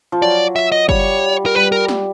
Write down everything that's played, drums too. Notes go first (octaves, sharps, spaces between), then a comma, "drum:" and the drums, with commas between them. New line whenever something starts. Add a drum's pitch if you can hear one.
F3
F#3 D5
E5
D#5
G3 C#5, drum: kick
A#4
G3 B4
A#4
drum: snare